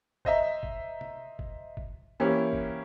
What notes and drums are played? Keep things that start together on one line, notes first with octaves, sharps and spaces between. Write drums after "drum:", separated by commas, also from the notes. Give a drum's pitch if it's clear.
C5 D#5 E5 A#5, drum: kick G1
drum: kick G1
drum: tom
drum: kick G1
drum: kick G1
E3 A#3 C#4 E4 G4 C5
drum: kick G1